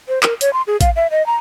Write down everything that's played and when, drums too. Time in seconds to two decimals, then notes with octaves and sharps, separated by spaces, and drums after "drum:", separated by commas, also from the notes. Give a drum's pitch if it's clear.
0.09 C5
0.23 A#4, drum: clap
0.41 C#5, drum: hi-hat
0.53 C6
0.67 G#4
0.81 F5, drum: kick A1, hi-hat
0.96 E5
1.11 D#5
1.26 A#5